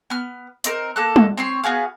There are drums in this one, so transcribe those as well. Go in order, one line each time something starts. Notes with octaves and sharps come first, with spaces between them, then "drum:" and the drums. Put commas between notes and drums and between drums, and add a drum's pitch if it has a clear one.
B3 F6
C4 D#4 A#4, drum: hi-hat
A#3 A4 F#6
drum: tom G3
C4 C#5 C6
B3 F#4 G#4 F5